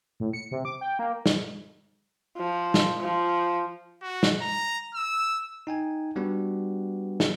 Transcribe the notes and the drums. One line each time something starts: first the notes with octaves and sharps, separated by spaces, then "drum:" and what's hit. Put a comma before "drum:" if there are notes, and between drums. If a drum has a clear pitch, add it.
A2
C#7
C3
D6
G5
A#3
drum: snare
F3
drum: snare
F3
F#4
drum: snare
A#5
E6
D#4 G5 G#5
G3 B3 D4 F#4 G4 B4
drum: snare